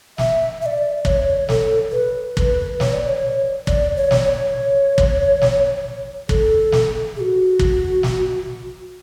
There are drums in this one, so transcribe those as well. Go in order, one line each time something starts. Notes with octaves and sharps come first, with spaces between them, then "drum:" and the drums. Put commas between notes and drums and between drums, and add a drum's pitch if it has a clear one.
E5, drum: snare
E5
D5
C#5, drum: kick
A4, drum: snare
B4
B4, drum: kick
C#5, drum: snare
D5
C#5
D5, drum: kick
C#5
drum: snare
C#5
drum: kick
drum: snare
A4, drum: kick
drum: snare
G#4
F#4
drum: kick
drum: snare